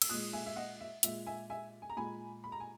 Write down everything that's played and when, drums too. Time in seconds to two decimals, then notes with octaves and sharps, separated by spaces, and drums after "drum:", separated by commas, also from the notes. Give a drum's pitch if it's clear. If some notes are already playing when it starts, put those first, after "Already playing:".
0.02 E6, drum: cymbal
0.09 A#2 G#3 D#6 F#6
0.33 E5 G#5
0.46 E5
0.56 D#5 F#5
0.80 E5
1.03 A#2 G#3 E5, drum: hi-hat
1.26 E5 G#5
1.50 E5 G#5
1.82 G#5
1.90 A#5
1.97 A#2 G#3 G#5 B5
2.44 B5
2.52 A#5
2.60 G#5